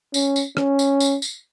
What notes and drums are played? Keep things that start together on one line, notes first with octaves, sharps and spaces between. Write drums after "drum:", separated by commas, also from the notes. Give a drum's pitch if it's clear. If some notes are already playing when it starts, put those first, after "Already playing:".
C#4, drum: tambourine
drum: tambourine
C#4, drum: rim click
drum: tambourine
drum: tambourine
drum: tambourine